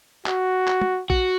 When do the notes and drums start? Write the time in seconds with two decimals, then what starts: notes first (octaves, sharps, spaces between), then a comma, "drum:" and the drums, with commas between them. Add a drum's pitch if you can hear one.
0.26 F#4, drum: clap
0.68 drum: clap
0.81 drum: tom
1.10 F#4, drum: kick A#1